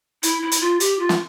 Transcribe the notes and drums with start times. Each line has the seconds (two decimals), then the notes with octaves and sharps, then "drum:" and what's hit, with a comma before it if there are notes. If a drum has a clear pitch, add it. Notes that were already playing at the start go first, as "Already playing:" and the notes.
0.23 E4, drum: hi-hat
0.42 E4
0.52 drum: hi-hat
0.61 F4
0.80 G4, drum: hi-hat
0.99 F4
1.09 drum: snare